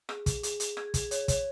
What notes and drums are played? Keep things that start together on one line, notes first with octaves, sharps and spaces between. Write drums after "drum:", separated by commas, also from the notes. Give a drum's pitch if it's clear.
G#4, drum: rim click
G#4, drum: kick, hi-hat
G#4, drum: hi-hat
G#4, drum: hi-hat
G#4 G#6, drum: rim click
G#4, drum: kick, hi-hat
C#5, drum: hi-hat
C#5, drum: kick, hi-hat